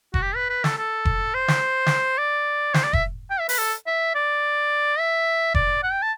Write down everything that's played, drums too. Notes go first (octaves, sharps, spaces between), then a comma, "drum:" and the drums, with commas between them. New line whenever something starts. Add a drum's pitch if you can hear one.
F#4, drum: kick F1
G4
B4
B4
A4, drum: snare
A4
drum: kick F1
C5
drum: snare
drum: snare
D5
C5, drum: snare
D5
E5, drum: kick F1
G5
E5
B4, drum: open hi-hat
A4
E5
D5
E5
D5, drum: kick F1
F#5
G5
A5